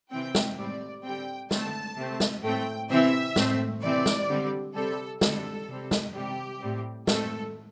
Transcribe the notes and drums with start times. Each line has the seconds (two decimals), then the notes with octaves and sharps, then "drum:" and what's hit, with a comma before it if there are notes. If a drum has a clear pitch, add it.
0.11 C3 E3 C4 G5
0.35 drum: snare
0.58 A2 G3 C4 D5
1.04 D3 G3 C4 G5
1.51 D3 A3 C4 A5, drum: snare
1.97 C3 A3 C4
2.20 drum: snare
2.43 A2 A3 C4 G5
2.89 C3 E3 C4 E5
3.36 A2 A3 C4, drum: snare
3.82 C3 E3 G3 C4 D5
4.06 drum: snare
4.29 D3 G3 C4
4.75 C3 G3 C4 A4
5.21 D3 G3 C4 A4, drum: snare
5.68 C3 G3 C4
5.91 drum: snare
6.14 C3 G3 C4 G4
6.60 A2 G3 C4
7.07 A2 A3 C4 A4, drum: snare